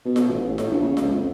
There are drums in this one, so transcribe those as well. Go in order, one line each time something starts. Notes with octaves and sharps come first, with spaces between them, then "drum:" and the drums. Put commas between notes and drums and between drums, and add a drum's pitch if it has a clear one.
B2
drum: snare F4
A1
A1
A2, drum: snare F4
A#1
C#3
C#2, drum: snare F4
F2